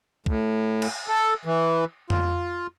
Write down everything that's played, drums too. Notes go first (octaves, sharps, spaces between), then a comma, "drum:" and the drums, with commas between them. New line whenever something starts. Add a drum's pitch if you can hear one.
A2, drum: kick
drum: cymbal
A4
E3
F4, drum: tom F2